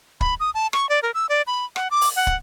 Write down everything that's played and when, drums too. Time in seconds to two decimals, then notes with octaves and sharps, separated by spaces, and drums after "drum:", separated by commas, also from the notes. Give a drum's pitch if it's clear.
0.21 B5, drum: kick
0.40 D#6
0.54 A5
0.73 C#6, drum: rim click
0.89 D5
1.03 A#4
1.14 E6
1.29 D5
1.47 B5
1.76 F#5, drum: rim click
1.91 D6
2.01 drum: open hi-hat
2.16 F#5
2.27 drum: kick